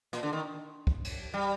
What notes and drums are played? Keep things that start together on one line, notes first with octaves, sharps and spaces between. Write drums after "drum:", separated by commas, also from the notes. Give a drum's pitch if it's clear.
A#2, drum: hi-hat
D3
D#3
drum: kick
drum: cymbal
G3